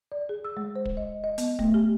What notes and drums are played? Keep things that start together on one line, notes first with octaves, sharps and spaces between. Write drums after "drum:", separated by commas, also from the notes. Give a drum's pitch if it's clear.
D5
G#4
E6
G#3
C5
drum: kick
D#5
D#5
B3, drum: hi-hat
A3, drum: kick
G4